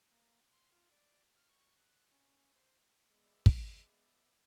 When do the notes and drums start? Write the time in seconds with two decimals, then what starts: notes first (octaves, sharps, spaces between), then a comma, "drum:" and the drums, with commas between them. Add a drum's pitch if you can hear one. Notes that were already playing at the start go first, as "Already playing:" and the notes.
0.11 A#3
0.53 C6
0.72 F4
0.92 D5
1.36 F6
1.49 C#6
1.78 F#6
2.12 C#4
2.56 C5
3.11 G#3 B3 D5 E5
3.46 drum: kick